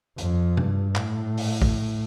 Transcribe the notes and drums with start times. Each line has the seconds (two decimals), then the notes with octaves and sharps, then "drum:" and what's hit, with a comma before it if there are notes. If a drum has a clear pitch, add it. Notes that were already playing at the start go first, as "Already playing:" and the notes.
0.18 F2, drum: hi-hat
0.57 G2, drum: tom C3
0.95 A2, drum: clap
1.38 drum: open hi-hat
1.62 drum: kick